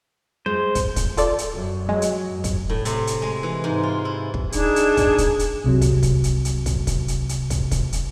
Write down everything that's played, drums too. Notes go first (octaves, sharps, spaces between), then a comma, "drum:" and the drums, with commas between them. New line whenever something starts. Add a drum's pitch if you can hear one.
G#3 C5
drum: kick, hi-hat
drum: kick, hi-hat
F4 A4 D5, drum: hi-hat
drum: hi-hat
F#2
F#3 G#3
drum: hi-hat
F#2
drum: kick, hi-hat
A2
C3, drum: hi-hat
drum: hi-hat
G#3
E3
G#2
F4
E4
drum: kick
D4 D#4 G#4 G#6, drum: hi-hat
drum: hi-hat
drum: kick, hi-hat
drum: kick, hi-hat
drum: hi-hat
C2 C3 F#3
drum: kick, hi-hat
drum: kick, hi-hat
drum: hi-hat
drum: hi-hat
drum: kick, hi-hat
drum: kick, hi-hat
drum: hi-hat
drum: hi-hat
drum: kick, hi-hat
drum: kick, hi-hat
drum: hi-hat